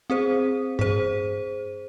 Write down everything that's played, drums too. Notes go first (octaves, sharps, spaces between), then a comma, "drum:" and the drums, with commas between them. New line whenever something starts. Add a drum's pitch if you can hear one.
C4 G#4 C5
G#4 C5, drum: tom G2